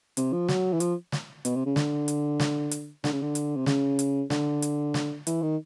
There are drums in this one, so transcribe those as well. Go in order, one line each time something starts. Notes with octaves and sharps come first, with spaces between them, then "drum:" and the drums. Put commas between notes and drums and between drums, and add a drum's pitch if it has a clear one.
C3, drum: hi-hat
F3
F#3, drum: snare
E3
F3, drum: hi-hat
drum: snare
B2, drum: hi-hat
C3
C#3
D3, drum: snare
drum: hi-hat
drum: snare
drum: hi-hat
D3, drum: snare
C#3
D3
drum: hi-hat
C3
C#3, drum: snare
drum: hi-hat
D3, drum: snare
drum: hi-hat
drum: snare
E3, drum: hi-hat
D#3